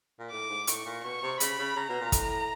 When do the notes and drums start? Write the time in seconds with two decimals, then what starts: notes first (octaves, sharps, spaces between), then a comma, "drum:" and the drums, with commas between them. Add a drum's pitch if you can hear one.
0.19 A#2
0.31 A2 D6
0.50 G#2
0.67 A2 C#6, drum: hi-hat
0.85 A#2
1.04 B2 C#6
1.22 C3
1.40 C#3 B5, drum: hi-hat
1.59 C#3
1.76 C#3 A#5
1.89 B2
2.01 A#2
2.12 A2, drum: kick, hi-hat